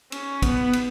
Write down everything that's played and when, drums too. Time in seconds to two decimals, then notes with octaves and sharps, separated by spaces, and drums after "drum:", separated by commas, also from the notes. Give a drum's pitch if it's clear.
0.12 C#4, drum: cymbal
0.42 B3, drum: kick, cymbal
0.73 drum: cymbal